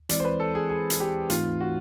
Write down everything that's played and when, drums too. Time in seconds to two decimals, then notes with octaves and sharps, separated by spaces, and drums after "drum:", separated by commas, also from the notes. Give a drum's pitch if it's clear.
0.09 E3 G#3 C4 E4 D5, drum: hi-hat
0.20 C5
0.25 B4
0.40 A4
0.55 G#4
0.70 G#4
0.90 drum: hi-hat
1.00 G4
1.30 G#2 E3 A3 C4 D#4 F4, drum: hi-hat
1.61 F#4